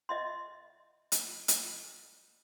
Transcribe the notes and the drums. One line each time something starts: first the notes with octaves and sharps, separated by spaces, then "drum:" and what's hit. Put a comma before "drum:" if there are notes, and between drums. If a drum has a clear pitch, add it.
D#5 E5 C6
drum: hi-hat
drum: hi-hat